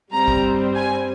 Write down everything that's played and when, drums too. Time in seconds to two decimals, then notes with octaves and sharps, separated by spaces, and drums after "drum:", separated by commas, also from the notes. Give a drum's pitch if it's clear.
0.12 G2 G3 C4 A#5
0.28 drum: kick
0.76 G#5